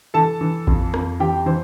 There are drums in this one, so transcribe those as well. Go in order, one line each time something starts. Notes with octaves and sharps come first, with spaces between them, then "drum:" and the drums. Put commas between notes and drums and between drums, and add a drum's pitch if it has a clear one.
E3 A4 A5
E3
F2, drum: kick A1
F2, drum: rim click
E3 G4 G5
E3 C5